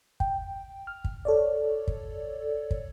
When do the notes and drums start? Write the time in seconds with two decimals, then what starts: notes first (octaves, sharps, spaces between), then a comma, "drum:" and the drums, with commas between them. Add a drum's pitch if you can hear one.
0.20 G5, drum: kick
0.87 F6
1.04 drum: kick
1.25 A4 C#5 D5
1.88 drum: kick
2.71 drum: kick